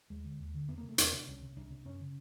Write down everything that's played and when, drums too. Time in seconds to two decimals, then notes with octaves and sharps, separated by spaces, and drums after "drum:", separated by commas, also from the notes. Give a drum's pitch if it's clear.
0.10 D#2 G#3
0.24 D3
0.39 D#2
0.55 D3
0.68 E2 B3
0.78 A#3
0.83 C3
0.89 A3
0.98 E2 D4, drum: hi-hat
1.13 C3 D4
1.27 C2 C#4
1.42 C3
1.56 C2 D4
1.70 C3
1.85 F#2 C#4
2.00 C#3